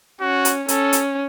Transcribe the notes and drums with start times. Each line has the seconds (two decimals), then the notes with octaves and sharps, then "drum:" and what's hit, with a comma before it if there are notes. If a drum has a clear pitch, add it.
0.20 C#4 F#4
0.45 drum: hi-hat
0.68 C#4 A4, drum: hi-hat
0.93 drum: hi-hat